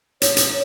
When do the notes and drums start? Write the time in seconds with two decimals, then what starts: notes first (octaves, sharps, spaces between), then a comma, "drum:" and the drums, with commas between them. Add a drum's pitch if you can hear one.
0.22 C#5, drum: hi-hat
0.37 drum: hi-hat